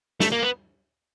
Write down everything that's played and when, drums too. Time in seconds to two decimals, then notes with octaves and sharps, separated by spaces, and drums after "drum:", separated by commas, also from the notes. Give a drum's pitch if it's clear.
0.20 A3, drum: snare
0.32 A#3
0.43 B3